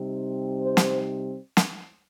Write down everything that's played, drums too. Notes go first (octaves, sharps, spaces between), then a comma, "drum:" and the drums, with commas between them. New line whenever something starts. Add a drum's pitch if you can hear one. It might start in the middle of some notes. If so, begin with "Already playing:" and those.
Already playing: C3 G3 C4 D#4
C5
drum: snare
drum: snare